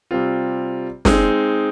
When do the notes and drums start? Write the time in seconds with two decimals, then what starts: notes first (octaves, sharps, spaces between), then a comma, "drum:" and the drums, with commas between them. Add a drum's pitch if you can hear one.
0.11 C3 G3 C4 F4
1.05 G#3 C4 D#4 G#4, drum: snare